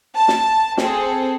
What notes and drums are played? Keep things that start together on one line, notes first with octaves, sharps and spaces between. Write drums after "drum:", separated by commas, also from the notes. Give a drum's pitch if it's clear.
A5
drum: snare
C4 G#4 A4, drum: snare